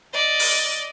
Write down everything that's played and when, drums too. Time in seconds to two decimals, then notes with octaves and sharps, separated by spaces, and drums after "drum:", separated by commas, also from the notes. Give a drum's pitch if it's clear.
0.13 D5 D#5
0.39 drum: open hi-hat